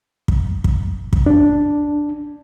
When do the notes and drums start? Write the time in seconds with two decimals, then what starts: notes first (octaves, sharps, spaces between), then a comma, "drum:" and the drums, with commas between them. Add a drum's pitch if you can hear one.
0.28 drum: kick
0.64 drum: kick
1.13 drum: kick
1.26 D4